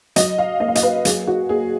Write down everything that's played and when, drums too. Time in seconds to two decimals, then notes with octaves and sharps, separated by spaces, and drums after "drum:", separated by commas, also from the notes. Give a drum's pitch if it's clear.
0.16 F#3 D#5, drum: hi-hat
0.38 F5
0.60 A#3 D#5
0.68 F5
0.75 D#5, drum: hi-hat
0.83 B4
1.05 F#3 G#4, drum: hi-hat
1.27 F#4
1.49 A#3 G#4